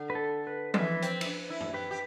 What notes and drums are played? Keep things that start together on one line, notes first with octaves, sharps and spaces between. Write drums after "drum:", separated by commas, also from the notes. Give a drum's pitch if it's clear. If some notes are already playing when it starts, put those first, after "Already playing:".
Already playing: D3
B4
A4
B4
C5, drum: tom F3
E3 B4
C4, drum: hi-hat
E4, drum: cymbal
D4
E4
drum: tom
G4 B4
G4